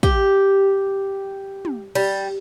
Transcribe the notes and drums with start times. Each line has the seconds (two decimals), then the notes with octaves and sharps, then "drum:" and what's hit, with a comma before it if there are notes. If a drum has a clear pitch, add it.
0.03 G4, drum: kick
1.65 drum: tom
1.95 G3, drum: cymbal